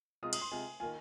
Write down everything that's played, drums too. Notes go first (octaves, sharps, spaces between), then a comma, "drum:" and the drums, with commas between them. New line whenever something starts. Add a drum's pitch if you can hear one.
C3 G#3 F4 D#6
D#6, drum: cymbal
C6
C3 G#3 F4 G#5
D#3 A#3 F4 G#5